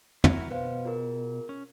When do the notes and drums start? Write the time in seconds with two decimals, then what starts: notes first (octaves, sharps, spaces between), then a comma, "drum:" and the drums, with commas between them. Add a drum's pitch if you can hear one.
0.24 E4 F#4 A#4, drum: tom
0.51 B2 B4 C5 F5
0.85 F4 G#4 A#4
1.49 C#4